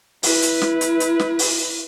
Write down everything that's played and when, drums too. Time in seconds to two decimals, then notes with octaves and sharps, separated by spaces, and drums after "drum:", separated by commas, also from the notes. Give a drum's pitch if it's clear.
0.23 E4 B4, drum: open hi-hat
0.42 drum: hi-hat
0.62 drum: snare
0.81 drum: hi-hat
1.00 drum: hi-hat
1.20 drum: snare
1.39 drum: open hi-hat